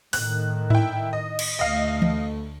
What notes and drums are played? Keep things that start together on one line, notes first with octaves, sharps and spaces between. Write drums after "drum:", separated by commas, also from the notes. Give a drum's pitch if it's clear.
A2 D#3 F#6, drum: open hi-hat
E4 G5, drum: tom G#2
D#5
drum: cymbal
D2 A3 D#5 F5
drum: tom E3